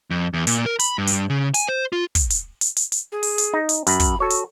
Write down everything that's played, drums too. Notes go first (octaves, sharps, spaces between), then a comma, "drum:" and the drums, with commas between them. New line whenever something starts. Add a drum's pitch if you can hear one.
F2
E2
A#2, drum: hi-hat
A#4
B5, drum: hi-hat
G2
drum: hi-hat
C#3
G#5, drum: hi-hat
C5
F4
drum: kick, hi-hat
drum: hi-hat
drum: hi-hat
drum: hi-hat
drum: hi-hat
G#4
drum: open hi-hat
drum: hi-hat
D#4
drum: hi-hat
F#2 B5, drum: hi-hat
drum: kick, hi-hat
F#4 A4 C#5
drum: hi-hat